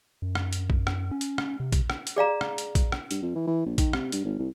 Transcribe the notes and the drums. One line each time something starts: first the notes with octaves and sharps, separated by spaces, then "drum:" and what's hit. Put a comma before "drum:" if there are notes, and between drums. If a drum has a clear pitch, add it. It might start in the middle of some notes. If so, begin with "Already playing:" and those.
F#2
drum: rim click
drum: hi-hat
drum: kick A#1
drum: rim click
C#4
drum: hi-hat
drum: rim click
C3
drum: kick A#1, hi-hat
drum: rim click
drum: hi-hat
G#4 D5 F5 A#5
drum: rim click
drum: hi-hat
drum: kick A#1, hi-hat
drum: rim click
G2, drum: hi-hat
F2
E3
E3
A#1
D#3, drum: kick A#1, hi-hat
C3, drum: rim click
G2, drum: hi-hat
G#1
C2